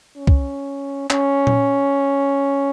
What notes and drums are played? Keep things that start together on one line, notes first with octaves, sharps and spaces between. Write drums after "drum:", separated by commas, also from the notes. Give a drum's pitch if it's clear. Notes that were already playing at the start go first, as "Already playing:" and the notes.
C#4
drum: kick
C#4, drum: clap
drum: tom A#2